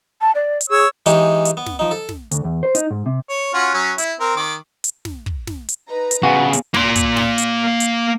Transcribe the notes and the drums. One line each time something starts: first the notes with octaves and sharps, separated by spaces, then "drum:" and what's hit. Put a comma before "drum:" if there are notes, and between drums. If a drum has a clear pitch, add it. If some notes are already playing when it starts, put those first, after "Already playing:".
A5
D5
drum: hi-hat
G#4 C#5 E6
E3 G#3 D#4 G4 C#5, drum: hi-hat
drum: hi-hat
B3
drum: snare
F3 D#4
A4
drum: snare
D2, drum: hi-hat
E2
C5
D#4, drum: hi-hat
G#2
C3
C#5
C#4 F4 F#4
F#3 C#4
E4, drum: hi-hat
C4 A#4
D#3 D6
drum: hi-hat
drum: snare
drum: kick
drum: snare
drum: hi-hat
D#4 B4 A#5
drum: hi-hat
C#3 B3 F#4 F5 G#5
drum: hi-hat
A#3 C6, drum: snare
drum: kick, hi-hat
drum: snare
drum: hi-hat
drum: hi-hat